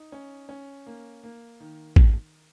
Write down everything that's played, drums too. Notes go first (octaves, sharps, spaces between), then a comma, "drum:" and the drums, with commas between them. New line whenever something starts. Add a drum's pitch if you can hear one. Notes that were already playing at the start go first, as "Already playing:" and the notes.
Already playing: D#4
C#4
C#4
A#3
A#3
D#3
drum: kick A1